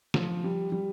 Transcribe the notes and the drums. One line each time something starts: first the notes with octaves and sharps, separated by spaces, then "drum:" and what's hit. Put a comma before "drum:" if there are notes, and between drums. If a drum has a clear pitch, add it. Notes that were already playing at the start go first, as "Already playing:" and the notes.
F3, drum: snare
G3
G3